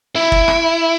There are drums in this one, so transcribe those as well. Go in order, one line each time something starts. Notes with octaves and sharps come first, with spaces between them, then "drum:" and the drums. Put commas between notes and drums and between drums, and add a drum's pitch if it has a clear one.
E4
drum: kick
drum: rim click